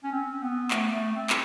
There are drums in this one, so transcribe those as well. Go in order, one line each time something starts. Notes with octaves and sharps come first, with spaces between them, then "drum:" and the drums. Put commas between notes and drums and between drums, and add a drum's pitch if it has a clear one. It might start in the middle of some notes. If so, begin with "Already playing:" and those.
C#4
C4
B3
A3, drum: clap
A3
C4
drum: clap